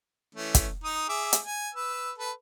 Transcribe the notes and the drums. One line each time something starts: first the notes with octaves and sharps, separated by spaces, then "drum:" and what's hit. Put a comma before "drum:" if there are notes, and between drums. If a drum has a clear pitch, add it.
E3 A3 C#4
drum: kick, hi-hat
D#4 D#6
G#4 E5 D6
drum: hi-hat
G#5
B4 E6
A4 B4